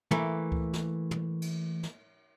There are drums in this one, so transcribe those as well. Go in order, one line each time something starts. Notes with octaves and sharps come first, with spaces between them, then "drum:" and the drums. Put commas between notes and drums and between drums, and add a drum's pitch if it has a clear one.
E3 A3 A#3, drum: tom
drum: kick C#2
drum: snare
drum: tom
drum: cymbal
drum: snare